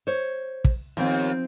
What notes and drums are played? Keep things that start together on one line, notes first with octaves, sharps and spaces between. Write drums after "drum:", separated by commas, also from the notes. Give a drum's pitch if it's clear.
C5 C#5
drum: kick
D#2 F3 C4